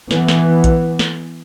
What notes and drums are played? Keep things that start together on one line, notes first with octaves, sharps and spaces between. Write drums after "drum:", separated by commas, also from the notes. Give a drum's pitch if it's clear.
E3 B3, drum: snare
drum: snare
drum: kick A#1, hi-hat
drum: snare